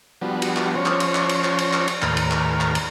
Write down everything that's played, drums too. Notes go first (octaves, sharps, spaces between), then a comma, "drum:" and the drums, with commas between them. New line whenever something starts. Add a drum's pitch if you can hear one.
F3 G3 B3 D4 F#4
drum: cymbal
drum: clap
F3 C#4 C5 C#5
drum: clap
drum: cymbal
drum: clap
drum: cymbal
drum: clap
drum: cymbal
drum: clap
drum: cymbal
D#2 A2 A#4 B4 F6, drum: clap
drum: cymbal
drum: clap
drum: clap
drum: cymbal